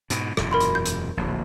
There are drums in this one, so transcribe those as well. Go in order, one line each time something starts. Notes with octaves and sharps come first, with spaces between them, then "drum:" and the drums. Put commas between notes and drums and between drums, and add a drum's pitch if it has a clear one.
G#2 B2, drum: hi-hat
E1 F#2 A#2, drum: rim click
A#4 B5 C6
drum: hi-hat
G6
drum: hi-hat
D1 A#1